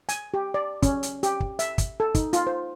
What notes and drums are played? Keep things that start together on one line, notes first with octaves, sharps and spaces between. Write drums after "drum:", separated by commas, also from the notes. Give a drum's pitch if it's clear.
G#5, drum: hi-hat
G4
D5
C#4, drum: kick, hi-hat
drum: hi-hat
G4, drum: hi-hat
drum: kick
E5, drum: hi-hat
drum: kick, hi-hat
A4
D#4, drum: kick, hi-hat
F4, drum: hi-hat
C5